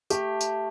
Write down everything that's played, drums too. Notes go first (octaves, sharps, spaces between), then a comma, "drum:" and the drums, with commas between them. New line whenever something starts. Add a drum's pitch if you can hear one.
A3 G4, drum: tambourine
drum: tambourine